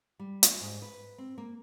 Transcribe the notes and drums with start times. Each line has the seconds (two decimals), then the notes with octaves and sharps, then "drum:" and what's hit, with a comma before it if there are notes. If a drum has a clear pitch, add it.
0.19 G3
0.43 D4, drum: hi-hat
0.60 G#2
0.82 B4
1.18 C4
1.38 A#3